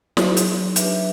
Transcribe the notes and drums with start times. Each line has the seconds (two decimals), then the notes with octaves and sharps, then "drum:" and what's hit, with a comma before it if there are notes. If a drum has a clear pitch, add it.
0.17 F#3 D#4 G#4 C#5, drum: snare
0.37 drum: hi-hat
0.76 D4 G4 B4 E5, drum: hi-hat